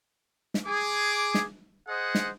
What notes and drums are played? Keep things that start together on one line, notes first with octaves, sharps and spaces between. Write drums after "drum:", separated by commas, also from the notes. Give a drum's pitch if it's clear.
drum: snare
G#4 D6
drum: snare
G#4 C5 D#5 F#5
drum: snare